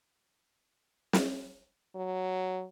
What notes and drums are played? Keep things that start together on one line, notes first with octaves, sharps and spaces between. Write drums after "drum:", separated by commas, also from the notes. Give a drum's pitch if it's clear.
drum: snare
F#3